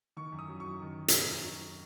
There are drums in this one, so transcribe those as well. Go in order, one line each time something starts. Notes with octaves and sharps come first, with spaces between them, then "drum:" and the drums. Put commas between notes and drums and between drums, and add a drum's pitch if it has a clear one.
D#3 C#6
F#2
D#6
F#3
F#2 C#6
D#3
drum: hi-hat